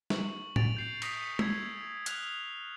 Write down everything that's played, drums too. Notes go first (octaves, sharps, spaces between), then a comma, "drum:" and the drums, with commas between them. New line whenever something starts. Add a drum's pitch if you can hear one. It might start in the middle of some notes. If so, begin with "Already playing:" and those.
C#6 F#7, drum: snare
A6 D7 F7, drum: tom A2
G6 C7
D#6 A#6 B6 C#7, drum: cymbal
E6 G#6, drum: tom G#3
D#6 F6 F#6 G#6 F7, drum: hi-hat